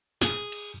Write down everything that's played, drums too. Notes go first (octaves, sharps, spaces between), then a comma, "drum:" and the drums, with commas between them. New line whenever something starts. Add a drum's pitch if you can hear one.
G#4, drum: snare
drum: cymbal